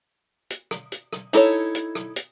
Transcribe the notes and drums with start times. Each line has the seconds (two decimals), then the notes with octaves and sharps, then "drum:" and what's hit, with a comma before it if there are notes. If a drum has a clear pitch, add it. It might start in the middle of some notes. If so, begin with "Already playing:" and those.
0.50 drum: hi-hat
0.71 drum: rim click
0.92 drum: hi-hat
1.13 drum: rim click
1.33 D#4 E4 A4 A#4 C#5, drum: hi-hat
1.75 drum: hi-hat
1.95 drum: rim click
2.16 drum: hi-hat